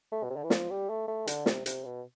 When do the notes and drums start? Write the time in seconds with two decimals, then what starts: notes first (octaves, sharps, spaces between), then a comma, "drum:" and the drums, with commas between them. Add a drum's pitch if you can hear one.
0.12 A3
0.23 B2
0.30 C3
0.36 D3
0.44 E3
0.50 F3, drum: snare
0.70 G3
0.90 A3
1.08 A3
1.27 D3, drum: hi-hat
1.46 C3, drum: snare
1.66 C3, drum: hi-hat
1.85 B2